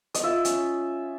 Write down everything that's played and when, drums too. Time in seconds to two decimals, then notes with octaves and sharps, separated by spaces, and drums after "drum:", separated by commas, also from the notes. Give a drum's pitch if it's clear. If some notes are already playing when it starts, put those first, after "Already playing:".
0.14 D#5, drum: hi-hat
0.23 F4 E5
0.45 C#4, drum: hi-hat